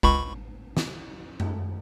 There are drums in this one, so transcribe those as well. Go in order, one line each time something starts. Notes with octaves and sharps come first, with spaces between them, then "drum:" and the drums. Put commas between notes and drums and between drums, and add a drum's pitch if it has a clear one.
C#2 B5 C#6, drum: kick
drum: snare
drum: tom F#2